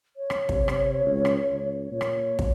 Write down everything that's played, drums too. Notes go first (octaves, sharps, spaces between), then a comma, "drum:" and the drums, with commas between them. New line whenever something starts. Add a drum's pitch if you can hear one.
C#5
drum: rim click
C3, drum: kick
drum: rim click
C#2
drum: rim click
C#2
A#2 C#5
drum: rim click
drum: kick